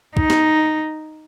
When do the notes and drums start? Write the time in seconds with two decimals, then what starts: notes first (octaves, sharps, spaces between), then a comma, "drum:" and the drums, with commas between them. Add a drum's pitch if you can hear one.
0.17 D#4, drum: kick C2
0.30 drum: snare